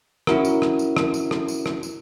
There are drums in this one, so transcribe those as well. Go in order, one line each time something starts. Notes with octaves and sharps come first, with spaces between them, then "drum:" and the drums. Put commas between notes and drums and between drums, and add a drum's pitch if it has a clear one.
C#4 E4 F#4 A#4, drum: rim click
drum: tambourine
drum: rim click
drum: tambourine
drum: rim click
drum: tambourine
drum: rim click
drum: tambourine
drum: rim click
drum: tambourine